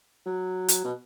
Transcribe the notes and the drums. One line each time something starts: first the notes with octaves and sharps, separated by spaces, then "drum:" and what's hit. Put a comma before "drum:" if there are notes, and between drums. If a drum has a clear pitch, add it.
F#3
drum: hi-hat
B2